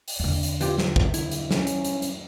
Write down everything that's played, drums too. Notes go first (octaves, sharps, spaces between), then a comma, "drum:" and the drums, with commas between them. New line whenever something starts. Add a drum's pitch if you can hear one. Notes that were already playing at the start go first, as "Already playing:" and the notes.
drum: open hi-hat
E2 D3
drum: hi-hat
E3 F4 G4, drum: hi-hat
drum: snare
drum: kick
E4, drum: hi-hat
drum: hi-hat
C#4, drum: snare
drum: hi-hat
drum: hi-hat
drum: hi-hat